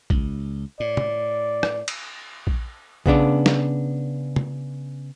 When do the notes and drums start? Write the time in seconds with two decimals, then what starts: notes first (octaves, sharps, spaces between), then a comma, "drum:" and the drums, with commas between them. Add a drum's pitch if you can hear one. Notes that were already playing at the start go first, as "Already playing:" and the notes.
0.10 C#2, drum: kick A#1
0.80 A2 D5
0.97 drum: tom
1.63 drum: rim click
1.88 drum: cymbal
2.47 drum: kick A#1
3.06 C#3 B3 D4 D5, drum: kick A#1
3.46 drum: snare
4.36 drum: tom